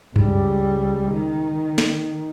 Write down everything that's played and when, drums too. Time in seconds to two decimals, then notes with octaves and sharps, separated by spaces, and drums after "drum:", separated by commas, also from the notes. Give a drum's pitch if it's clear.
0.16 C#2 G3, drum: tom F#2
1.12 D#3
1.78 drum: snare